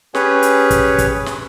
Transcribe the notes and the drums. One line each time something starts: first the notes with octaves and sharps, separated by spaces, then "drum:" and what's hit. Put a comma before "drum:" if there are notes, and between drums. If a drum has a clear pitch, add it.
C#4 G4 G#4 B4 C#5, drum: snare
drum: hi-hat
drum: kick, hi-hat
drum: kick, hi-hat
drum: snare